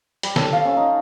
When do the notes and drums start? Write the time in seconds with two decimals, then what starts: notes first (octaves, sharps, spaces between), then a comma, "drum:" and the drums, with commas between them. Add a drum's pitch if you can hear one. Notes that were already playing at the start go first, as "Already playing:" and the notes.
0.23 G3, drum: hi-hat
0.36 A4, drum: snare
0.53 F5
0.65 C#4
0.77 D#4